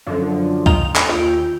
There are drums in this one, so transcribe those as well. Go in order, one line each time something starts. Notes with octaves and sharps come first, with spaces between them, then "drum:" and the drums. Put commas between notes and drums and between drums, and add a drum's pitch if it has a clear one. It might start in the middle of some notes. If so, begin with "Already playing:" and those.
F#2 D3 F3
D#3 D#4 F4 F7, drum: kick C2
drum: clap
D#2 F4 F5 G5